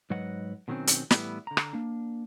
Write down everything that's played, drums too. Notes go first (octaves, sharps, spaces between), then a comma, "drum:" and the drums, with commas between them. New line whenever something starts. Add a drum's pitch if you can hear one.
G#2 F#3 B4 D#5 F#5
B2 D#3 F#3 A#3 C4 C#4
drum: hi-hat
A2 E3 G3 B3 E4, drum: snare
D3 A#5
drum: rim click
A#3 D4